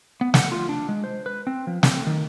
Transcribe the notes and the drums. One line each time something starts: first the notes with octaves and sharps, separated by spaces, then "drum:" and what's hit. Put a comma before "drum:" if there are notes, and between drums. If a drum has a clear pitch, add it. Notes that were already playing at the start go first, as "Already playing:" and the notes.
B3
F#5, drum: snare
F4
D4
G#3
C5
B4
C4
F3
C4, drum: snare
D#3